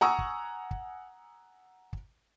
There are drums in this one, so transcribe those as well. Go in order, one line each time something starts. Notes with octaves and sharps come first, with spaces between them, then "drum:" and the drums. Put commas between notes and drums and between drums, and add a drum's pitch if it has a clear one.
F#5 G#5 A#5 C#6 D#6 E6
drum: kick
drum: kick
drum: kick